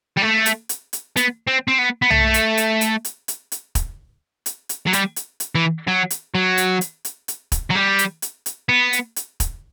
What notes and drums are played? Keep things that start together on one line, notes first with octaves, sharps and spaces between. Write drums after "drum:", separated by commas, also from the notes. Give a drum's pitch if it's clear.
G3
A3
drum: hi-hat
drum: hi-hat
drum: hi-hat
B3, drum: hi-hat
C4
C4
B3
B3
A3, drum: tom
drum: hi-hat
drum: hi-hat
drum: hi-hat
drum: hi-hat
drum: hi-hat
drum: hi-hat
drum: kick, hi-hat
drum: hi-hat
drum: hi-hat
F#3
G3, drum: hi-hat
drum: hi-hat
drum: hi-hat
E3
F#3
drum: hi-hat
F#3
drum: hi-hat
drum: hi-hat
drum: hi-hat
drum: hi-hat
drum: kick, hi-hat
F#3
G3
drum: hi-hat
drum: hi-hat
drum: hi-hat
B3
drum: hi-hat
drum: hi-hat
drum: kick, hi-hat